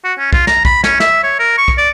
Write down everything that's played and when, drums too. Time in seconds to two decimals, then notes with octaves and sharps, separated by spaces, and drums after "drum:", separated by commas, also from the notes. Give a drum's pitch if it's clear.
0.04 F#4
0.19 C#4
0.33 F4, drum: kick
0.47 A#5, drum: snare
0.65 B5, drum: kick
0.84 C#4, drum: snare
1.00 E5, drum: snare
1.24 C#5
1.39 A#4
1.58 C#6
1.68 drum: kick
1.78 D5